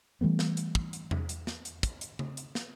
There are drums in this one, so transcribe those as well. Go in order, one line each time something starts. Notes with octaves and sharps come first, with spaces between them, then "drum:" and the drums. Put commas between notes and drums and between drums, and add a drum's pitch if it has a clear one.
E3 G3 A3 B3
drum: snare
drum: hi-hat
drum: kick
drum: hi-hat
drum: tom E2
drum: hi-hat
drum: snare
drum: hi-hat
drum: kick, hi-hat
drum: hi-hat
drum: tom C#3
drum: hi-hat
drum: snare